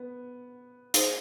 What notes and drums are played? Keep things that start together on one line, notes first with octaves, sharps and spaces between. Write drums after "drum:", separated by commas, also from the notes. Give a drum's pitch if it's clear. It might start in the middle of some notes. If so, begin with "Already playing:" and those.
Already playing: B3
D#4 G#4 C5, drum: hi-hat